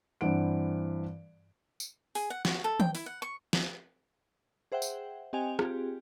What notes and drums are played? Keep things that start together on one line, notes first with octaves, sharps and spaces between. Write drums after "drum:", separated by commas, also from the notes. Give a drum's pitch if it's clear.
G2 E3 C4 F#5 D7
drum: tambourine
G#4, drum: open hi-hat
F#5
F#4, drum: snare
A4
G5, drum: tom D#3
E4, drum: open hi-hat
F#5
C#6
drum: snare
G#4 C5 E5 F#5 G5
drum: tambourine
C4 G4 D#5 G5 G#5 F7
C4 F4 G4 G#4, drum: rim click